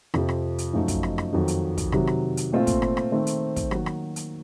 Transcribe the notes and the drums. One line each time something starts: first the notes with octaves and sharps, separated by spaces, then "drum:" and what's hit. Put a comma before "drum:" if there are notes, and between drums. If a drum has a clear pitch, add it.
F2 C3 F3, drum: rim click
drum: rim click
drum: hi-hat
F#2 F3 A3 D#4 F#4
drum: kick, hi-hat
drum: rim click
drum: rim click
F2 D#3 F#3
drum: hi-hat
drum: kick, hi-hat
C3 D#3 F#3, drum: rim click
drum: rim click
drum: hi-hat
A#2 A3 C4 F4
drum: kick, hi-hat
drum: rim click
drum: rim click
D#3 A3 C4
drum: hi-hat
drum: kick, hi-hat
D#3 F#3 A#3 D#4 F#4, drum: rim click
drum: rim click
drum: hi-hat